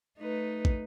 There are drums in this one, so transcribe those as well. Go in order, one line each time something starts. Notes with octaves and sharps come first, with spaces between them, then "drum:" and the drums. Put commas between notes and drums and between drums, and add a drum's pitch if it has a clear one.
A3 D#4 B4
drum: kick